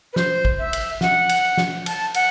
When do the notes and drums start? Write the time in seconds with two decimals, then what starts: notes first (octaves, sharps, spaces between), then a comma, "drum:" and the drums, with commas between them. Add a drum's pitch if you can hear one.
0.13 B4
0.16 C5, drum: snare
0.45 drum: kick
0.59 E5
0.73 drum: cymbal
1.01 F#5, drum: snare
1.29 drum: cymbal
1.57 drum: snare
1.86 A5, drum: cymbal
2.14 F#5, drum: cymbal